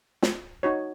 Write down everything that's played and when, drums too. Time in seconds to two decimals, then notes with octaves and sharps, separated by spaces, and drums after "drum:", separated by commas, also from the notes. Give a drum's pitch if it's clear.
0.22 drum: snare
0.63 D#4 F#4 C#5